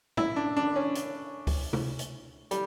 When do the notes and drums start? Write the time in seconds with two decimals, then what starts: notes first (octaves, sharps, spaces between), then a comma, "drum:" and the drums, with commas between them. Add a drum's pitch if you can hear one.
0.17 E4, drum: tom
0.36 D4
0.57 D4
0.76 C#4
0.95 drum: hi-hat
1.47 drum: kick C#2, open hi-hat
1.73 drum: tom C3
1.99 drum: hi-hat
2.51 G3, drum: hi-hat